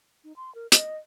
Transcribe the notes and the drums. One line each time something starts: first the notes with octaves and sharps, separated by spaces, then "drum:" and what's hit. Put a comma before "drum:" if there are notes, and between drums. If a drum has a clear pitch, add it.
D#4
C6
A#4
D#5, drum: hi-hat